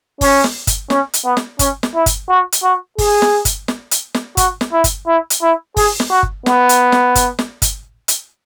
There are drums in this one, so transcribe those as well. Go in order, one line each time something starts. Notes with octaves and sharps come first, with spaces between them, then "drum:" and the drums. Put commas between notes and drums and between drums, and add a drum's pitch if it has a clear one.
C#4, drum: kick, open hi-hat
drum: snare
drum: kick, hi-hat
C#4, drum: snare
drum: hi-hat
B3
drum: snare
C#4, drum: kick, hi-hat
drum: snare
E4
drum: kick, hi-hat
F#4
drum: hi-hat
F#4
G#4, drum: kick, open hi-hat
drum: snare
drum: kick, hi-hat
drum: snare
drum: hi-hat
drum: snare
F#4, drum: kick, hi-hat
drum: snare
E4
drum: kick, hi-hat
E4
drum: hi-hat
E4
G#4, drum: kick, open hi-hat
drum: snare
F#4
drum: kick
B3, drum: snare
drum: hi-hat
drum: snare
drum: kick, hi-hat
drum: snare
drum: kick, hi-hat
drum: hi-hat